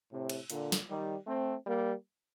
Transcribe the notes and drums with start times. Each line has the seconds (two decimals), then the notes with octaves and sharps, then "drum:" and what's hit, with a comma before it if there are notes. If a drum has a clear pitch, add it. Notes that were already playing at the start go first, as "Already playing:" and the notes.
0.11 A2 C3
0.29 drum: cymbal
0.50 A#2 D3, drum: hi-hat
0.72 drum: snare
0.89 D#3 G3
1.27 A3 C4
1.66 G3 A#3